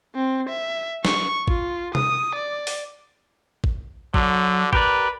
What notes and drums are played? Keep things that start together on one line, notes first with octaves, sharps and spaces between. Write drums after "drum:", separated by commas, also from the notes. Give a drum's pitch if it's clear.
C4
E5
C#6, drum: snare
F4, drum: kick A1
D#6, drum: tom C3
D5
drum: open hi-hat
drum: kick A1
D3 F#3, drum: kick A1
G4 A#4 B4 D5, drum: kick A1